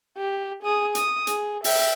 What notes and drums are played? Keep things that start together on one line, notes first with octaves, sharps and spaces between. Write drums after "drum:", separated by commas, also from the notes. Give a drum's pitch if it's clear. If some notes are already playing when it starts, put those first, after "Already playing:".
G4
G#4 D#6
D#6, drum: hi-hat
G#4, drum: hi-hat
E5 G5, drum: open hi-hat